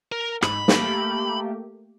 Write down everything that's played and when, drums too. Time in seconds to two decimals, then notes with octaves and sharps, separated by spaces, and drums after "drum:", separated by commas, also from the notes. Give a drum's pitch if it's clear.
0.12 A#4
0.42 G#2 B5, drum: rim click
0.68 A3 A#3 G4, drum: snare